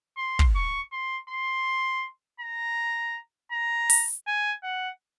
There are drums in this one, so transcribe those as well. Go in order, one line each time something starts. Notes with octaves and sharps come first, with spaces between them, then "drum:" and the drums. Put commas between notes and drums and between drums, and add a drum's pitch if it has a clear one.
C6
drum: kick
C#6
C6
C6
A#5
A#5
drum: open hi-hat
G#5
F#5